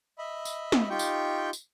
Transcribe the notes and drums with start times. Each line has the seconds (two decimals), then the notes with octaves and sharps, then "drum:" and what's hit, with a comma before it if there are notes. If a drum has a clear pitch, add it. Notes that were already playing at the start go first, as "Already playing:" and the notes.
0.18 D#5 E5 B5
0.45 drum: tambourine
0.72 drum: snare
0.90 D#4 F4 G4 G5 C#6 G6
0.99 drum: tambourine
1.53 drum: tambourine